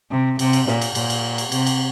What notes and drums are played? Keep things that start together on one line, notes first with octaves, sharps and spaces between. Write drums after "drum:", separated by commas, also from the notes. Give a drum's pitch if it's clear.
C3
C3, drum: cymbal
drum: cymbal
A#2, drum: snare
drum: cymbal
A#2, drum: cymbal
drum: cymbal
drum: cymbal
C3, drum: cymbal
drum: cymbal